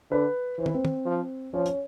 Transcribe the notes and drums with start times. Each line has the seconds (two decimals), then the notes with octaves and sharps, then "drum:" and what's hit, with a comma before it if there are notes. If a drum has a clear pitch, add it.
0.11 D3 B4
0.58 E3 C5
0.66 B4, drum: tom
0.74 C4 C5
0.85 drum: tom
1.06 F3
1.53 F3 C#4 C#5
1.66 C#4 C#5, drum: hi-hat